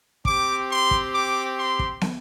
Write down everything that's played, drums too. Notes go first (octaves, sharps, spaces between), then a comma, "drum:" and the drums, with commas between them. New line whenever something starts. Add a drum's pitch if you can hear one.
C4 G4 D6, drum: kick
C6
drum: kick
D6
C6
drum: kick
drum: snare